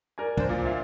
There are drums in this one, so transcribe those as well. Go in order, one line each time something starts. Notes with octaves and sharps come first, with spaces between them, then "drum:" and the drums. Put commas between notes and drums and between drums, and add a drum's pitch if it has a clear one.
A#4 D5 G#5
D4 C5, drum: kick
A#2 F3
E5 F5